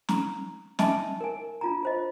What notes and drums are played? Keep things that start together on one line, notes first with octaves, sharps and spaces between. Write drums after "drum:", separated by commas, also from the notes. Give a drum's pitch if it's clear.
A#5, drum: snare
D#4 D#5 E5 G#5 A5 D6, drum: snare
A#4 G#5
D4 F4 A#5
F4 C5 D#5